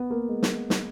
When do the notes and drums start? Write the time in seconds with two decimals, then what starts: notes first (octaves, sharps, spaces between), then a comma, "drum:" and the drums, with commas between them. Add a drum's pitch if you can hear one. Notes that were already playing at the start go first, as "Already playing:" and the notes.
Already playing: B3
0.10 A#3
0.29 G#3
0.43 drum: snare
0.70 drum: snare